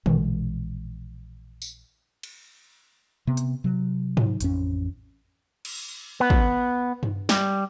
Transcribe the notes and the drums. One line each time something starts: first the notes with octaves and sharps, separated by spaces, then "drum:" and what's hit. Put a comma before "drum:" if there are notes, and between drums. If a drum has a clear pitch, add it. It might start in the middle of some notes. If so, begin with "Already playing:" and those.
A#1 B2 E3 G#3, drum: tom D3
drum: tambourine
drum: cymbal
C3 B3
drum: hi-hat
C3 F#3
drum: tom G#2
A1 F2 C#4, drum: hi-hat
drum: cymbal
B3
drum: kick
drum: tom G2
G3, drum: snare